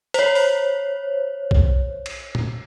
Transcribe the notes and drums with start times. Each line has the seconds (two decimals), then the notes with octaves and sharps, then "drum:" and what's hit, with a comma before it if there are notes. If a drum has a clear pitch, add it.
0.14 C5 C#5, drum: hi-hat
0.35 drum: open hi-hat
1.51 drum: kick B1
2.06 drum: cymbal
2.35 drum: tom A#2